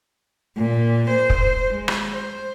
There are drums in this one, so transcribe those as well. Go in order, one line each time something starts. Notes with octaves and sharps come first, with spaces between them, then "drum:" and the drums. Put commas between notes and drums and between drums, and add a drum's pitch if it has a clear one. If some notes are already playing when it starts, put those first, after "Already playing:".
A#2
C5
drum: kick
G#3
drum: rim click
C5